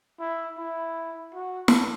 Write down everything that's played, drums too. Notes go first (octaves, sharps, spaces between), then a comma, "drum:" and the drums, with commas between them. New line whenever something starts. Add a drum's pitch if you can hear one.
E4
E4
F#4
drum: snare